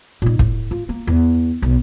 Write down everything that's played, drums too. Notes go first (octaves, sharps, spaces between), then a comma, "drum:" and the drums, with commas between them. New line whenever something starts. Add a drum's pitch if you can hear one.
A#2 D#4
A2, drum: kick
F4
A#3
E2
B1